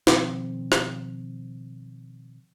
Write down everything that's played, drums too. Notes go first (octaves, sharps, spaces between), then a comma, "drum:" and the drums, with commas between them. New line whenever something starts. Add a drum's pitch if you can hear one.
B2 D#3 F3 C4, drum: snare
drum: rim click